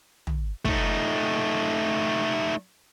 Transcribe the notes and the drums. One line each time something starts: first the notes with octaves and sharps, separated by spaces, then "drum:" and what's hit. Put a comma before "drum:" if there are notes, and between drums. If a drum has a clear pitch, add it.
drum: tom
A3 D#4, drum: kick